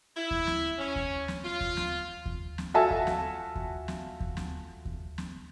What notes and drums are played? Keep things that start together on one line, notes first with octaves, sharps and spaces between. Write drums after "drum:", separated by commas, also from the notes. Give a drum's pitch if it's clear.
E4
drum: kick D#2
drum: snare
C#4
drum: kick D#2
drum: snare
F4
drum: kick D#2
drum: snare
drum: kick D#2
drum: snare
F4 F#4 A4 E5 G#5 A5
drum: kick D#2
drum: snare
drum: kick D#2
drum: snare
drum: kick D#2
drum: snare
drum: kick D#2
drum: snare